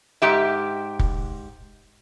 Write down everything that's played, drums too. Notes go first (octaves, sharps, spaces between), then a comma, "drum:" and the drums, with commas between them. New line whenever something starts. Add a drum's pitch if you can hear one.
G#2 G4 E5
drum: kick